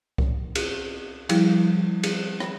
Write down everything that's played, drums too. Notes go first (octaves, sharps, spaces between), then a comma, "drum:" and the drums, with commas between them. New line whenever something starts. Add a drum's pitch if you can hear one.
drum: kick C2
drum: cymbal
F3 G3 E4, drum: cymbal
drum: cymbal
drum: rim click